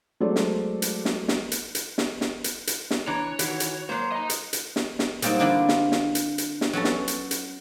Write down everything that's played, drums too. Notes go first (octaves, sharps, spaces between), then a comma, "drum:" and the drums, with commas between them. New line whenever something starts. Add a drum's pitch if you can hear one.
F#3 G#3 A3 A4 C5 D5
drum: snare
drum: hi-hat
drum: snare
drum: snare
drum: hi-hat
drum: hi-hat
drum: snare
drum: snare
drum: hi-hat
drum: hi-hat
drum: snare
E3 D4 C#5 A#5
D#3 E3 F#4, drum: hi-hat
drum: hi-hat
F#3 A#3 C5
D#5 A#5
drum: hi-hat
drum: hi-hat
drum: snare
drum: snare
F#3 G3 A#3 C4 D#4, drum: hi-hat
D3 A#3 D4 E4 F4 G4
drum: snare
drum: snare
drum: hi-hat
drum: hi-hat
drum: snare
F#3 B3 C#4 A4
drum: snare
drum: hi-hat
drum: hi-hat